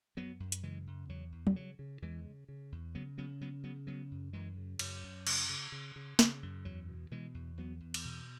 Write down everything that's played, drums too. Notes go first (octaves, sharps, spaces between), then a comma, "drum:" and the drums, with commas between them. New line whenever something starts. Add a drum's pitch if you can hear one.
F#2 F#3 B3
F#2
drum: hi-hat
C#3 E3 G#3
F#2
E2 F#3
E2
drum: tom F#3
C#3 F#3
C#3
E2 E3 G#3
C#3
C#3
E2
C#3 F#3 B3
C#3 F#3 B3
C#3 F#3 B3
C#3 F#3 B3
C#3 F#3 B3
F#2
F#2 E3 G#3
C#3
F#2 F#3, drum: cymbal
F#2
C#3, drum: cymbal
C#3
C#3
C#3
C#3, drum: snare
F#2
E2 F#3
B2
B2 E3 G#3
E2
E2 F#3 B3
E2
drum: cymbal
B2